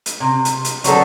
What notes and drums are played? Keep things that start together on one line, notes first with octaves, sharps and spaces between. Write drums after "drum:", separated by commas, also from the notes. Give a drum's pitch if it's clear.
drum: hi-hat
C3
drum: hi-hat
drum: hi-hat
F#3 G3 B3 A4, drum: hi-hat